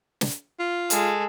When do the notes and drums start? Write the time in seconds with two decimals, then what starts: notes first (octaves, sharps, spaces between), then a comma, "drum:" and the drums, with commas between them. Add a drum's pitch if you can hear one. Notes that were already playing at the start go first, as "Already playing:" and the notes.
0.21 drum: snare
0.59 F4
0.90 G#3 A4, drum: hi-hat